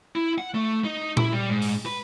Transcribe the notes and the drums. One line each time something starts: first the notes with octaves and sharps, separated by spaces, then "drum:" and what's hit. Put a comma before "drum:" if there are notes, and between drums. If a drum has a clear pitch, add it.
E4
F#5
A3
D#4
E4, drum: tom A#2
G3
G#2
drum: open hi-hat
B4